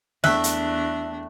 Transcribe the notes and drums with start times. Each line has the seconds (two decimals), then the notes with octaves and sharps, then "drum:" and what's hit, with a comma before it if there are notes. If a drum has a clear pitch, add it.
0.24 E2 A3 D4 E5 G5 F#6, drum: snare
0.44 drum: hi-hat